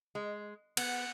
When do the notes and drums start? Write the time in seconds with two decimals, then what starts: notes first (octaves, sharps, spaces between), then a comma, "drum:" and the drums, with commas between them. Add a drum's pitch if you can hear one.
0.15 G#3
0.77 B3 F#5, drum: cymbal